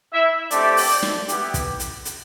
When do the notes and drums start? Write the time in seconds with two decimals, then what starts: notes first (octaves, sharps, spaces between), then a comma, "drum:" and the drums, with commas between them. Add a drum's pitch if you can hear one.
0.13 E4 E5
0.51 A3 C4 D4 G4 D5, drum: hi-hat
0.77 drum: open hi-hat
1.03 drum: snare
1.29 B3 E4 G4, drum: hi-hat
1.54 drum: kick, hi-hat
1.80 drum: hi-hat
2.05 drum: hi-hat